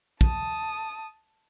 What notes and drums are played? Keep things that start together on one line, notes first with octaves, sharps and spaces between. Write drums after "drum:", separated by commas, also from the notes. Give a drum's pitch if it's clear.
A5 D#6, drum: kick